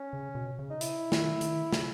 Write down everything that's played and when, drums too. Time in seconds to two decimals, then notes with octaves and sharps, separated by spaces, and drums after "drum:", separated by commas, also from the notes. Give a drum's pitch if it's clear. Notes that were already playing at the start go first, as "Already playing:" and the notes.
Already playing: C#4
0.13 C#3
0.35 B2
0.59 C#3
0.70 D#4
0.81 E4, drum: hi-hat
1.12 D#3, drum: snare
1.41 D#3, drum: hi-hat
1.72 C#3, drum: snare